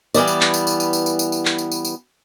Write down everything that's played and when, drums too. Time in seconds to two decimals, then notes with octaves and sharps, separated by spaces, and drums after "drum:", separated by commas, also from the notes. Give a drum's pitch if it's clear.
0.14 E3 G3 B3 D5, drum: tambourine
0.28 drum: tambourine
0.41 drum: clap
0.54 drum: tambourine
0.67 drum: tambourine
0.80 drum: tambourine
0.93 drum: tambourine
1.06 drum: tambourine
1.19 drum: tambourine
1.32 drum: tambourine
1.45 drum: clap
1.58 drum: tambourine
1.72 drum: tambourine
1.85 drum: tambourine